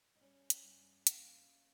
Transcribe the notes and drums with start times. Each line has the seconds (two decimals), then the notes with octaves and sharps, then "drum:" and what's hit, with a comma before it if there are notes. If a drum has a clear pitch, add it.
0.15 D#4
0.21 G3 C#4
0.50 drum: hi-hat
0.64 G2
1.07 A#3, drum: hi-hat